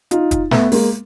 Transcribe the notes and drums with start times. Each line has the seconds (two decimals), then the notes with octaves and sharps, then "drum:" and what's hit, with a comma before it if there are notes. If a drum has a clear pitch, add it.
0.11 D#4 F4, drum: hi-hat
0.31 drum: kick, hi-hat
0.51 A3 B3, drum: snare
0.72 G#3 A#3, drum: open hi-hat